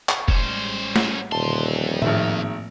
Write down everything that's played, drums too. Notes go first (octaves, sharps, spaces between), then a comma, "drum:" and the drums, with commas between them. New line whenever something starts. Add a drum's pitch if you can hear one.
drum: clap
A1 G3 G#3 C#4 C5, drum: kick F1
drum: snare A3
D#1 F2 A#2 D3 A5 C6
G#1 A2 D#3 F3 A#3 E5, drum: tom A2